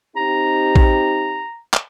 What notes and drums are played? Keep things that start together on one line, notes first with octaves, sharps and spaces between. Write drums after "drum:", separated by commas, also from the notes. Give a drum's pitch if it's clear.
C4 D#4 G4 A#5
drum: kick
drum: clap